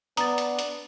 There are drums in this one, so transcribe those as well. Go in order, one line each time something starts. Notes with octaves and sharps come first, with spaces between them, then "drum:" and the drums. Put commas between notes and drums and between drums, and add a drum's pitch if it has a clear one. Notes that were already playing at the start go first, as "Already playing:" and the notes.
B3 D4 A#5 D#6 A6, drum: hi-hat
drum: hi-hat
drum: hi-hat